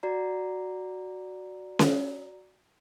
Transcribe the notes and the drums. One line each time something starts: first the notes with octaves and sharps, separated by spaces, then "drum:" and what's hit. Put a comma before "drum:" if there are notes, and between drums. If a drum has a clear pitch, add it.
F#4 D5 A#5
drum: snare C#4